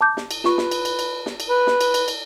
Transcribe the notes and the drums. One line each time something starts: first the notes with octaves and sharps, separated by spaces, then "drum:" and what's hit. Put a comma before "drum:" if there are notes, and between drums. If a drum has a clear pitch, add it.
A5 D6 G6
drum: snare
drum: cymbal
F4 B4 C#6, drum: snare
drum: snare
drum: cymbal
drum: cymbal
drum: cymbal
drum: snare
drum: cymbal
B4
drum: snare
drum: cymbal
drum: cymbal
drum: cymbal